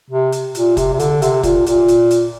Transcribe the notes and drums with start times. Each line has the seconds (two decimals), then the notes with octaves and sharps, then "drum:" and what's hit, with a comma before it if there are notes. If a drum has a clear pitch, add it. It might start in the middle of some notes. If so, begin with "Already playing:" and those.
0.10 C3
0.32 drum: hi-hat
0.55 A#2, drum: hi-hat
0.77 C3, drum: kick, hi-hat
0.93 C3
0.99 D3, drum: hi-hat
1.22 C3, drum: hi-hat
1.43 A#2, drum: kick, hi-hat
1.66 A#2, drum: hi-hat
1.88 drum: hi-hat
2.11 drum: hi-hat